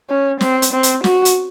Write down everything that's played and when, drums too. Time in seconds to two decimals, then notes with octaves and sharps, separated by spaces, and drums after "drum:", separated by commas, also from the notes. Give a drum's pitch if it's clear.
0.10 C#4
0.41 C4, drum: snare
0.62 drum: hi-hat
0.73 C4
0.83 drum: hi-hat
1.04 F#4, drum: snare
1.25 drum: hi-hat